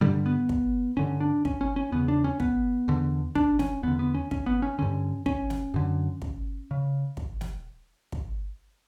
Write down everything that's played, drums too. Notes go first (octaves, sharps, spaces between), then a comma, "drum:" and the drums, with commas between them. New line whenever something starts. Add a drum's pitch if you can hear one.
G2 D3 G3
B3
drum: kick
G2 D3 C#4
D4
C#4, drum: kick
C#4
C#4
E2 C#3 B3
D4
C#4
B3, drum: kick
E2 D3
D4, drum: kick
C#4, drum: snare
E2 D3 B3
B3
C#4
C#4, drum: kick
B3
C#4
G2 D3 C#4
C#4, drum: kick
drum: snare
F#2 D3
drum: kick
C#3
drum: kick
drum: snare
drum: kick